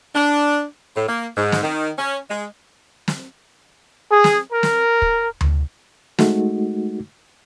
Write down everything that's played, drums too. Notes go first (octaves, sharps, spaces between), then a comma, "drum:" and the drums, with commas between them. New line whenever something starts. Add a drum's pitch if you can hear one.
D4
A2
A#3
G#2
drum: snare
D#3
C#4
G#3
drum: snare
G#4
drum: snare
A#4
drum: snare
drum: kick
drum: tom D2
G#3 A3 D#4 F#4, drum: snare